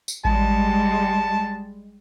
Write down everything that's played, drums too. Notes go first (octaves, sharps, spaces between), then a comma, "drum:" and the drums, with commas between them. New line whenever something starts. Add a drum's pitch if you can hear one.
drum: tambourine
G3 G#3 A5, drum: kick A1